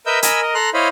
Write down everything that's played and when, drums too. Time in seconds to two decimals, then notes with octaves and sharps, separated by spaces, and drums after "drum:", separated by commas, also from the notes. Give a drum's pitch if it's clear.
0.06 A#4 B4 D#5 E5 E6 G6
0.22 A#4 D#5 G#5 B5 E6, drum: hi-hat
0.41 A#4 D#5
0.55 A4 A#5 C6 F#6
0.74 E4 C5 C#5 D#5 F5 B5